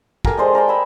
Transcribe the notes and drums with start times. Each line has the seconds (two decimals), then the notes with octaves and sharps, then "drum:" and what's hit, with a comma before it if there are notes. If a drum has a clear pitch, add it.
0.25 G4 A4 A#4 G#5, drum: kick
0.37 G#3 C5 D5 D#5
0.53 A4 A#4 D5 G5
0.68 G#5 B5 D#6 E6